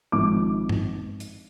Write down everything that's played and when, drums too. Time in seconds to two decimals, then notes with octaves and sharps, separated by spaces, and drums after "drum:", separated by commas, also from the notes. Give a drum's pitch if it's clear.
0.12 G#1 G#2 F3 D6
0.69 drum: tom G2
1.20 drum: hi-hat